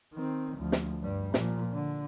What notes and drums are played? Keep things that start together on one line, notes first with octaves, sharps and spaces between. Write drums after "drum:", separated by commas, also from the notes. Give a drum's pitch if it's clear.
D#3 C4
D2 F3
drum: snare
G2 G3
A#2 F3, drum: snare
D3